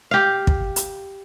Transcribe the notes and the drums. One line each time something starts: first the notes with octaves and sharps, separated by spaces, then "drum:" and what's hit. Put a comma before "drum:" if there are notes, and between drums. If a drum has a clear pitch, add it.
G4 F5
drum: kick
drum: hi-hat